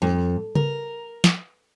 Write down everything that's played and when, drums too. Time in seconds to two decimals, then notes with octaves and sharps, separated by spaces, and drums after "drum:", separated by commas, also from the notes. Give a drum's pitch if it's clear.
0.02 F2
0.55 A#4, drum: tom C#3
1.24 drum: snare